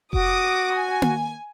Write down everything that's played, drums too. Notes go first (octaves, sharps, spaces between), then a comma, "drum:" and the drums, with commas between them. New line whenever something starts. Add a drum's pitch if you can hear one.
F#4 D6 D#6, drum: kick F1
G#5
drum: tom A#3